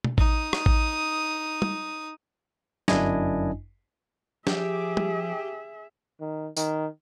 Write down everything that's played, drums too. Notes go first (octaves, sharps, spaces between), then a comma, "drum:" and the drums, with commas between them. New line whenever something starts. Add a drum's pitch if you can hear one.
drum: tom
D#4 D#6, drum: kick A1
drum: rim click
drum: kick A1
drum: tom
G1 F#2 D4 E4 D#5 G#5, drum: snare
F3 G4 G#4 E5, drum: snare
drum: tom
D#3
D#3, drum: tambourine